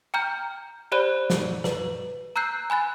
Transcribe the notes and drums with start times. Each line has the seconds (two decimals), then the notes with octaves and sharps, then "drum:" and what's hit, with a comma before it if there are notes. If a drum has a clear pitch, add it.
0.14 G5 A#5 F6 G6
0.92 G4 C5 D5 B5 F#6 D#7
1.30 drum: snare
1.64 B4, drum: snare
2.36 A#5 E6 F#6 G6 C7
2.70 G#5 B5 F#6 A6